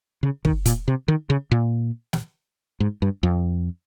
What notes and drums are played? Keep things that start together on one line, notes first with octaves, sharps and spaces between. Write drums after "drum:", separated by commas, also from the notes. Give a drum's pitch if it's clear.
C#3
D#3, drum: kick
A#2, drum: hi-hat
C3
D#3
C#3
A#2
drum: snare
G#2
G2
F2